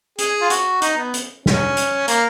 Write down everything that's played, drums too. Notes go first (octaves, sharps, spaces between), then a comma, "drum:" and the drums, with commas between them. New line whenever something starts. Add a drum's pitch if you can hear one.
G#4, drum: hi-hat
F4
F#4, drum: hi-hat
D#4, drum: hi-hat
B3
drum: hi-hat
C#4, drum: snare
drum: hi-hat
A#3, drum: hi-hat